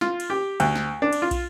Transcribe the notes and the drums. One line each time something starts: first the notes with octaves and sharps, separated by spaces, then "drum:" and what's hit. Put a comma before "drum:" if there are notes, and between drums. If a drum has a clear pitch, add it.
F4, drum: snare
drum: cymbal
G4
D2, drum: cymbal
drum: snare
D4
drum: cymbal
F4
drum: kick, cymbal